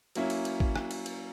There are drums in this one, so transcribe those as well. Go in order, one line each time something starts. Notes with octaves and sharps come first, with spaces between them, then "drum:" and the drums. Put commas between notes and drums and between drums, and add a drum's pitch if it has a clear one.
F#3 A#3 C#4 E4, drum: cymbal
drum: cymbal
drum: cymbal
drum: kick G#1
drum: rim click
drum: cymbal
drum: cymbal